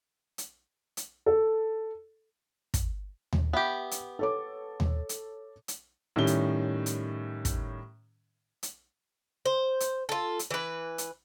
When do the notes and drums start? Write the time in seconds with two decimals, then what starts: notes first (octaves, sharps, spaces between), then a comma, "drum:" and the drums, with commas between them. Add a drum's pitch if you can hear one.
0.38 drum: hi-hat
0.97 drum: hi-hat
1.26 A4
2.74 drum: kick, hi-hat
3.33 drum: tom D#2
3.53 B3 G4 E5
3.91 drum: hi-hat
4.19 A4 C#5 D6
4.80 drum: tom D#2
5.09 drum: hi-hat
5.68 drum: hi-hat
6.16 A2 D#3 G3 C#4 G7
6.27 drum: hi-hat
6.86 drum: hi-hat
7.45 drum: kick, hi-hat
8.63 drum: hi-hat
9.46 C5
9.80 drum: hi-hat
10.09 F4 A4
10.39 drum: hi-hat
10.51 E3 B4
10.98 drum: hi-hat